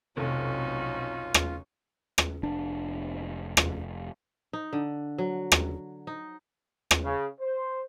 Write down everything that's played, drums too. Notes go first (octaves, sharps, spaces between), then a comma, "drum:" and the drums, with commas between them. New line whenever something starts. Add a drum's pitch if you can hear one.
F1 B1 C3 C#4 D#4 F4 F#4 A4
drum: rim click
drum: rim click
F1 D4
drum: rim click
D#4
D3
F#3
drum: rim click
D#4
drum: rim click
C#3
C5